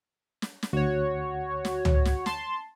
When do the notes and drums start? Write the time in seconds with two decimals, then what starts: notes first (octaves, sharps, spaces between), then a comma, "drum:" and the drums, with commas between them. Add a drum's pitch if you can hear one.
0.42 drum: snare
0.63 drum: snare
0.73 D2 F#4 C#5
1.65 drum: snare
1.85 drum: tom C#2
2.05 drum: snare
2.26 A5 C6, drum: snare